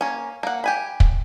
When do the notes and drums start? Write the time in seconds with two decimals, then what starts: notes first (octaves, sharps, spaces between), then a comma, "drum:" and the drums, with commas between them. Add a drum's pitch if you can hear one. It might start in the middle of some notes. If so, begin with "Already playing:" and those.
0.01 A#3 C#4
0.43 A#3 F#5
0.64 G4 G#5 B5
1.00 drum: kick